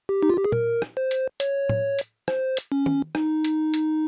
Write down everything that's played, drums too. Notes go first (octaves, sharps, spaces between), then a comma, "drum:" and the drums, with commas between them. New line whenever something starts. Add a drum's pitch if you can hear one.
G4
D#4
F4
G4
G#4
A#4, drum: tom A#2
drum: rim click
C5
drum: hi-hat
C#5, drum: hi-hat
drum: tom A2
drum: hi-hat
C5, drum: rim click
drum: hi-hat
C#4
drum: tom
D#4, drum: rim click
drum: hi-hat
drum: hi-hat